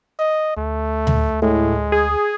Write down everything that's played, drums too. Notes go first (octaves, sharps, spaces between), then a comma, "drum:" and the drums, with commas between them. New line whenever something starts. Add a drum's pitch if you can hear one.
D#5
D2 A3
drum: tom D2
A2 G#3
G#4